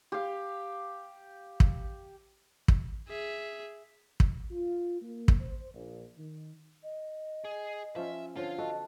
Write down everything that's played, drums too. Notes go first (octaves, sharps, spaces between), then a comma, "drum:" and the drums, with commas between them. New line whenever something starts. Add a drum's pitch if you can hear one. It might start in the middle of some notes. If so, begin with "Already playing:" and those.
G4 F5
drum: kick
drum: kick
G#4 E5
drum: kick
F4
A#3
drum: kick
C5
A#1
D#3
D#5
G#4
F3 C#4 F4 E5
D3 F3 C4 F4 C#5
F#4 A4 D#5